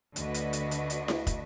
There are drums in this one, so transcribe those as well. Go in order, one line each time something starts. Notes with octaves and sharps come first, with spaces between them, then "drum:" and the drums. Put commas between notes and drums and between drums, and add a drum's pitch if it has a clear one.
D2 D3 D4 F#4 B4 D#5, drum: hi-hat
drum: hi-hat
drum: hi-hat
drum: hi-hat
drum: hi-hat
drum: snare E4
drum: kick, hi-hat